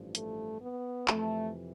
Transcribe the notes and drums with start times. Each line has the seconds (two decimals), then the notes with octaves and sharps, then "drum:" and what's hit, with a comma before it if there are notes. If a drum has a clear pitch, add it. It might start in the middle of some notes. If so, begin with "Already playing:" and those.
Already playing: A1 G2 F3
0.15 A3, drum: hi-hat
0.62 B3
1.08 F2 C3 E3 A3, drum: clap